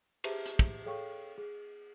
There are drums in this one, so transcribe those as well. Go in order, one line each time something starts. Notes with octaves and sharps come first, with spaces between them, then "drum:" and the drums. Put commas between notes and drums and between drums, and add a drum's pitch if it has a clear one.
G4 G#4 C5 E5 A5 A#5, drum: cymbal
drum: hi-hat
drum: kick
G#4 A4 C#5 F5 G5 C#6
G#4